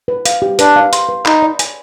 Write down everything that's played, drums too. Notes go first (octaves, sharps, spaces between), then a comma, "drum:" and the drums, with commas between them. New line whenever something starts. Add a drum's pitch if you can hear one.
B4
F5, drum: hi-hat
G4
D4 B4, drum: hi-hat
F5
C6, drum: hi-hat
B4
D#4 B5, drum: clap
D5
G#5, drum: hi-hat